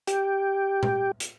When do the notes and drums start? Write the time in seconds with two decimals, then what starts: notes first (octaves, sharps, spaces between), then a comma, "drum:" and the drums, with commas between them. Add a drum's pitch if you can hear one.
0.07 G4, drum: hi-hat
0.83 drum: tom A#2
1.20 drum: hi-hat